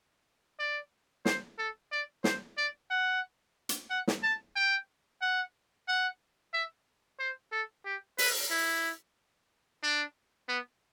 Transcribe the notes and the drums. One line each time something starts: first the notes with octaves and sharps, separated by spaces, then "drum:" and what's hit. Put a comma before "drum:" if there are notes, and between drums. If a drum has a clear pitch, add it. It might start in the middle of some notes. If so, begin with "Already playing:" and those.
D5
C5, drum: snare
A4
D5
C5, drum: snare
D5
F#5
drum: hi-hat
F#5
drum: snare
A5
G5
F#5
F#5
E5
C5
A4
G4
B4, drum: open hi-hat
E4
D4
B3